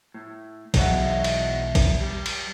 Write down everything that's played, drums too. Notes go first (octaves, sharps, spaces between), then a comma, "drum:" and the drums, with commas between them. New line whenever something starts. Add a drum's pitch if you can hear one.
A2
B1 A2 E3 F#3 G#3 F#4 C#5 E5, drum: kick, cymbal
drum: cymbal
drum: kick, cymbal
G3
drum: cymbal